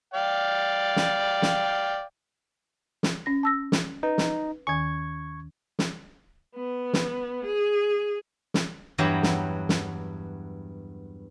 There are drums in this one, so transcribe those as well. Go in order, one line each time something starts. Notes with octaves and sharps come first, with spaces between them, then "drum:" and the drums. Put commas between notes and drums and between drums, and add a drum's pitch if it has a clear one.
D5 F5 G5
drum: snare
drum: snare
drum: snare
C#4 A#6
A5 E6 A#6
drum: snare
D#4 B4
drum: snare
D#2 D#3 G#5 C#6 G#6
drum: snare
B3
drum: snare
G#4
drum: snare
E2 G2 E3 F#3 G4 A#5
drum: snare
drum: snare